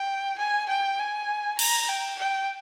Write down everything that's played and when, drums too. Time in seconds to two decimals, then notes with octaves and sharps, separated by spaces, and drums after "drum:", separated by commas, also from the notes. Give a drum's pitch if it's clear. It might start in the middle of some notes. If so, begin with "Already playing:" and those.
Already playing: G5
0.39 G#5
0.69 G5
0.99 G#5
1.59 A#5, drum: cymbal
1.89 G5
2.19 G5